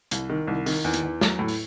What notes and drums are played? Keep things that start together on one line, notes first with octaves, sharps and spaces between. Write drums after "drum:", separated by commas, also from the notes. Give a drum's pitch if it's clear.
C2, drum: hi-hat
D#3
C2
D#3, drum: open hi-hat
E2
drum: hi-hat
E2
F#3, drum: snare
A2
drum: open hi-hat